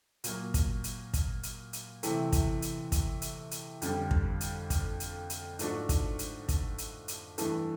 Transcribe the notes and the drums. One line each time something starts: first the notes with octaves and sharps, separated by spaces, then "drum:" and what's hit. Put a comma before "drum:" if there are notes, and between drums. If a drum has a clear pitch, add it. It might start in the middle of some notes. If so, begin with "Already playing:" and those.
A#2 F#3 A#3, drum: hi-hat
drum: kick, hi-hat
drum: hi-hat
drum: kick, hi-hat
drum: hi-hat
drum: hi-hat
C3 E3 A3, drum: hi-hat
drum: kick, hi-hat
drum: hi-hat
drum: kick, hi-hat
drum: hi-hat
drum: hi-hat
F2 D3 G3, drum: hi-hat
drum: kick
drum: hi-hat
drum: kick, hi-hat
drum: hi-hat
drum: hi-hat
G#2 F3 A3 D4 F#4, drum: hi-hat
drum: kick, hi-hat
drum: hi-hat
drum: kick, hi-hat
drum: hi-hat
drum: hi-hat
G2 E3 A3, drum: hi-hat